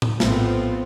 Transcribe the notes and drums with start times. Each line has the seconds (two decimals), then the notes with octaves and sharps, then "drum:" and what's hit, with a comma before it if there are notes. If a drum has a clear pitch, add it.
0.02 drum: tom A2
0.20 A#1 A2 B3 C4 F4, drum: snare